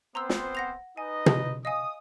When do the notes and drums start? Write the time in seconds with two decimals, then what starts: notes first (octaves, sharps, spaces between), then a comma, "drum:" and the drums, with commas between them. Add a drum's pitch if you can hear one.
0.15 B3 C4 C5 A#5 C6 E6
0.29 drum: snare
0.55 F#5 A#6 F7
0.97 D#4 B4 D#5 G#5
1.26 drum: tom
1.65 D#5 F5 G#5 D#6